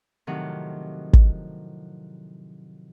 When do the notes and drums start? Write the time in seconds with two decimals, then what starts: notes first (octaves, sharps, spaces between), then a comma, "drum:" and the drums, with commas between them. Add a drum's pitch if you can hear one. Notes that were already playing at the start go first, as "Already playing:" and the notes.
0.27 A2 C3 D#3 F3 F#3 F#5
1.13 drum: kick